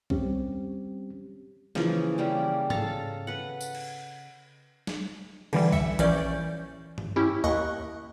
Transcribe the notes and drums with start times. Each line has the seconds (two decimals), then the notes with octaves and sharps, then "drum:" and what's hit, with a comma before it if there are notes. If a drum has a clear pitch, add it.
0.10 G3 C4 C#4 G4, drum: kick B1
1.75 C#3 E3 F3 A#3, drum: snare
2.18 C#3 G3 A#3
2.70 A4 F5 A5 A#5, drum: tom G#2
3.27 B4 F#5
3.61 drum: tambourine
3.75 drum: cymbal
4.87 drum: snare
5.53 D3 E3 G3, drum: cymbal
5.73 E5 C#7, drum: kick B1
5.99 A#1 E3 C#4 D5 G6, drum: hi-hat
6.98 drum: tom G2
7.16 C#4 E4 G4
7.44 D#2 D#5 C#6 F#6